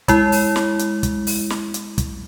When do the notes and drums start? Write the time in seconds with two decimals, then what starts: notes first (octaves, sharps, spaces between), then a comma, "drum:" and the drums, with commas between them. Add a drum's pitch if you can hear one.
0.08 G#3 E4, drum: kick, hi-hat
0.32 drum: open hi-hat
0.56 drum: snare
0.79 drum: hi-hat
1.03 drum: kick, hi-hat
1.27 drum: open hi-hat
1.50 drum: snare
1.74 drum: hi-hat
1.98 drum: kick, hi-hat